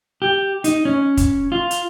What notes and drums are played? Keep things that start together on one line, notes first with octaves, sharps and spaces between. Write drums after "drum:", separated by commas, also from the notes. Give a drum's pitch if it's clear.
G4
D#4, drum: hi-hat
C#4
drum: kick, hi-hat
F4
drum: hi-hat